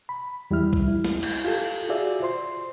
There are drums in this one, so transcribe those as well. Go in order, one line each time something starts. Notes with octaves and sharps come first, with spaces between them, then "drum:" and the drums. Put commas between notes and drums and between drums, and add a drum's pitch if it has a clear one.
B5
E2 G3 E4 E5 F6
drum: kick C2
E4
drum: snare
drum: cymbal
F4 G4 A4
F4 F#4 G#4 D5 E5
C5 C6